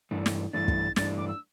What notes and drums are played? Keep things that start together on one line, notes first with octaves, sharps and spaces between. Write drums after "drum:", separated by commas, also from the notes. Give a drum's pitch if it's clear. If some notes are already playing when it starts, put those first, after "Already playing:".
G2 E3 A3 D4
drum: snare
G2 E3 A3 D4 A6
drum: kick
G2 E3 A3 D4 A6, drum: snare
D6
E6